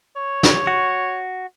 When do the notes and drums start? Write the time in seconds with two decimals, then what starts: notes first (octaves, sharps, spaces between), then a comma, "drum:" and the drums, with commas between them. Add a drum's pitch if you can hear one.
0.16 C#5
0.43 drum: snare
0.67 F#4